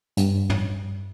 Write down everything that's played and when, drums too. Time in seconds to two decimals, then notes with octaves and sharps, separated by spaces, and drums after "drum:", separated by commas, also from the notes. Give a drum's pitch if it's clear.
0.17 G2, drum: hi-hat
0.50 drum: tom